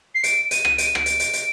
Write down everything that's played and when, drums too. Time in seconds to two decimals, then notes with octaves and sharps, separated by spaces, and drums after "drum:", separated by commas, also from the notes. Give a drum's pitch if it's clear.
0.15 C7
0.24 D7, drum: hi-hat
0.45 D7
0.51 D#7, drum: hi-hat
0.65 drum: rim click
0.78 D7, drum: hi-hat
0.87 D#7
0.95 D7, drum: rim click
1.06 drum: hi-hat
1.20 drum: hi-hat
1.33 drum: hi-hat